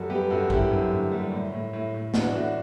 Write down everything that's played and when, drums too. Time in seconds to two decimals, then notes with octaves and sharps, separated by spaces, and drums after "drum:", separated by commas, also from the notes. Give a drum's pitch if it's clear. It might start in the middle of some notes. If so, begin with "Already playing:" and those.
Already playing: F#2 G3 F#4 A4
0.10 B3 G4 B4
0.30 F#2 F#4 A4
0.50 F#2 E4 G4, drum: kick A#1
0.71 F#2
0.92 D3
1.12 G3
1.32 A2
1.52 A2
1.73 A2
1.94 A2
2.14 E3 D4 F#4, drum: snare
2.34 A2 D4 F#4